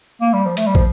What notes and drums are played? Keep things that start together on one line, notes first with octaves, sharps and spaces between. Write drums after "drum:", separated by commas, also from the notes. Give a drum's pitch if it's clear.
A#3
G3
F3
A3, drum: hi-hat
G3
F3, drum: kick